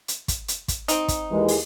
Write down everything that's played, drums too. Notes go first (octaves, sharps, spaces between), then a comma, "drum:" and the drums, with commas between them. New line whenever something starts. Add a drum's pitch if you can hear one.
drum: hi-hat
drum: kick, hi-hat
drum: hi-hat
drum: kick, hi-hat
C4 D#4, drum: hi-hat
drum: kick, hi-hat
D#2 E3 G#3
drum: open hi-hat